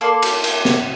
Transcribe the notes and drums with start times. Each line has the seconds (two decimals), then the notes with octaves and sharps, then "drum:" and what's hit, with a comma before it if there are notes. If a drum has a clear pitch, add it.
0.01 A#3 A4 D5 C6
0.22 drum: cymbal
0.44 drum: cymbal
0.65 drum: snare